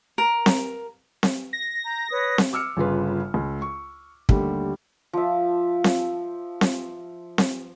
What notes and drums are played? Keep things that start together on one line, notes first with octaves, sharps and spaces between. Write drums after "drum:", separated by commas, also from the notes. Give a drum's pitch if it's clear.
A#4
drum: snare C4
drum: snare C4
A#6
A#5 G6
B4 C#5 D#6
drum: snare C4
D6 E6 F6 C#7
G1 C#3 F4 B4
C#2
C#6
D#2 D3 G3 A3, drum: kick
F3 E5
drum: snare C4
drum: snare C4
drum: snare C4